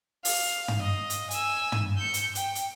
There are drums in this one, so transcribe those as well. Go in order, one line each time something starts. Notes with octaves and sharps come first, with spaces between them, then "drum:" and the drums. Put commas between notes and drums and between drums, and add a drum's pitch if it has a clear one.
F5, drum: open hi-hat
drum: tom
D#5
drum: hi-hat
G#5 E6, drum: hi-hat
drum: tom
G6 C#7
drum: hi-hat
G5, drum: hi-hat
drum: hi-hat